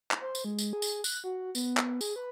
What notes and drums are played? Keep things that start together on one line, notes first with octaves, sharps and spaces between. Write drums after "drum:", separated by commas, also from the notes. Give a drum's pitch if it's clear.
drum: clap
C5
drum: tambourine
G#3
drum: tambourine
G#4
drum: tambourine
F#6, drum: tambourine
F#4
B3, drum: tambourine
drum: clap
G#4, drum: tambourine
B4